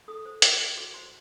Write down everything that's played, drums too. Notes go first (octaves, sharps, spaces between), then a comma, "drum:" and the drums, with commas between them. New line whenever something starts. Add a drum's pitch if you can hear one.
A4 D#6
C5
C5 D6, drum: hi-hat
C5
F#4 D6
C5 C6